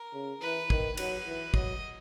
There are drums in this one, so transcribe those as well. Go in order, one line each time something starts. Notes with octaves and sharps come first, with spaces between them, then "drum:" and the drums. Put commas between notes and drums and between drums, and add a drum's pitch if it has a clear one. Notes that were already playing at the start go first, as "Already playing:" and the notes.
Already playing: A#4
C#3
E3 B4
D#3, drum: kick
F#3 B4, drum: cymbal
E3
F#3 D#5, drum: kick